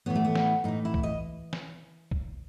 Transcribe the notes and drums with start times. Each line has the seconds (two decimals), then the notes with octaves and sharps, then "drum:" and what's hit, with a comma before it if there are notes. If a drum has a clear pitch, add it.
0.06 A2 E3 B3
0.15 A3
0.25 B3
0.35 drum: snare
0.64 A2 E3 D#4
0.85 E4
0.94 drum: kick B1
1.03 D#5
1.53 drum: snare
2.11 drum: kick B1